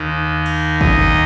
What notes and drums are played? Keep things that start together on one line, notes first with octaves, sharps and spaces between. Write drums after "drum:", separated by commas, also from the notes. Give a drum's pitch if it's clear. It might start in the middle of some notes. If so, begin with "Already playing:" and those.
Already playing: D#2 D#3
drum: cymbal
D#5, drum: kick